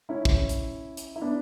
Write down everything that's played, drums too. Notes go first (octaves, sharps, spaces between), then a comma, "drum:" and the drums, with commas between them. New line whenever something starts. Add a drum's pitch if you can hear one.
C#4 E4
drum: kick
drum: hi-hat
drum: hi-hat
E4
B3 D4